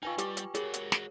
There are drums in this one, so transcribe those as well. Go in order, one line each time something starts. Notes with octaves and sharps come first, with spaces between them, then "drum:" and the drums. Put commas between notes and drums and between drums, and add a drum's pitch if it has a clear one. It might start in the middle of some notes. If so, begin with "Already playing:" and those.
D#4 F4 B4 F5 G5 G#5 C#6
G3 G4 D6, drum: hi-hat
drum: hi-hat
G#3 F#4 G#4 A#4 C#5, drum: hi-hat
drum: hi-hat
drum: snare